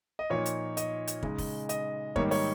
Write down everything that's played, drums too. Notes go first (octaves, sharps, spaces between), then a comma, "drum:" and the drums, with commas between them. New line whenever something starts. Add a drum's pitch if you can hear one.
D#5
A#2 F3 A#3 D#4 C#5
drum: hi-hat
D#5, drum: hi-hat
drum: hi-hat
C#3 G#3 D#4, drum: kick
drum: kick, open hi-hat
D#5, drum: hi-hat
G#2 D#3 G3 A#3 D#4 C#5, drum: kick
C#5, drum: open hi-hat